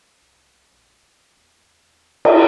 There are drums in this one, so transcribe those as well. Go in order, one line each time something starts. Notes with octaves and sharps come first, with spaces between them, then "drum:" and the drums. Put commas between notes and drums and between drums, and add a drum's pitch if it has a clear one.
C2
A#1
F4
E2
drum: cymbal